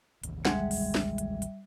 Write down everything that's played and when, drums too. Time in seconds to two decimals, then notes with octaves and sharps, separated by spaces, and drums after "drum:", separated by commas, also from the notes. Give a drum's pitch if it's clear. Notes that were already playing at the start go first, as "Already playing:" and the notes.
0.24 A1 D#2, drum: hi-hat
0.45 G3 G#3 E5 F#5, drum: snare
0.71 drum: open hi-hat
0.95 drum: snare
1.18 drum: hi-hat
1.42 drum: hi-hat